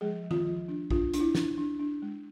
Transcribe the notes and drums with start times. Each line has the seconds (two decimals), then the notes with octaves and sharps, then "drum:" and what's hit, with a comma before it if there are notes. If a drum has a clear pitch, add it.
0.01 F3 G#3 G#4
0.23 F3
0.31 F4, drum: tom D#3
0.45 F3
0.68 D4
0.91 D4 F4, drum: kick A#1
1.14 D4, drum: hi-hat
1.20 E4
1.35 D4, drum: snare
1.58 D4
1.79 D4
2.02 G#3